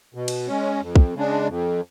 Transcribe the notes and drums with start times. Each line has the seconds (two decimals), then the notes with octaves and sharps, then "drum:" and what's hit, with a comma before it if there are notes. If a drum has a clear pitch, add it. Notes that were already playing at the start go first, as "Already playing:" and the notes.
0.14 B2
0.28 drum: cymbal
0.48 G#3 C#4
0.81 F2
0.96 drum: kick
1.15 C#3 G#3 D4
1.48 F2